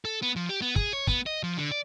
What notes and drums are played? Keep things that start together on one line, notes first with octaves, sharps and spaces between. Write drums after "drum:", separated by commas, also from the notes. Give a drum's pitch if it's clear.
A4
B3
F3
G4
B3
G#4, drum: kick
C#5
B3, drum: kick
D#5
F3
D3
D5